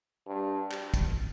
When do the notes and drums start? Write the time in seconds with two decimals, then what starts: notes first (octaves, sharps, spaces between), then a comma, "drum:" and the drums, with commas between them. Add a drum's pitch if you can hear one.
0.27 G2
0.71 drum: clap
0.94 drum: kick, hi-hat